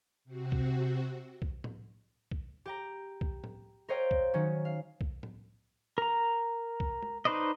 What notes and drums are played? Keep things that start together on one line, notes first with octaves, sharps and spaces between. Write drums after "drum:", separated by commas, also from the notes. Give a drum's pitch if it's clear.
C3 C4 F#4
drum: kick B1
drum: kick B1
drum: tom A2
drum: kick B1
G4 G5 A#5
drum: kick B1
drum: tom A2
A#4 C5 C#5 D#5 F5 G5
drum: kick B1
D#3 F#3 C#4
F5
drum: kick B1
drum: tom A2
A#4 A#5
drum: kick B1
drum: tom G#3
D#4 B4 C5 D5 D#5